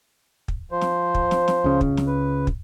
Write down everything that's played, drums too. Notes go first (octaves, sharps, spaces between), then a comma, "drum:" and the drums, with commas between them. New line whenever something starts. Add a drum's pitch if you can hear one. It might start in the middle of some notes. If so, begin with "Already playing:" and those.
drum: kick
F3 C5
drum: snare
drum: kick
drum: snare
drum: snare
C#2 C#3
drum: kick
drum: snare
B4
drum: kick